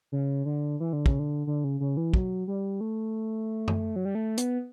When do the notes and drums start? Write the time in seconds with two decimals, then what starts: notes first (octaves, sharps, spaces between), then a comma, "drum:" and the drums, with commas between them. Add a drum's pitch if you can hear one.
0.12 C#3
0.45 D3
0.80 E3
0.93 D3
1.06 C#3, drum: kick
1.19 D3
1.47 D3
1.64 C#3
1.80 C#3
1.97 E3
2.14 F#3, drum: kick
2.48 G3
2.81 A3
3.68 drum: tom F#2
3.96 F#3
4.05 G3
4.15 A3
4.38 B3, drum: hi-hat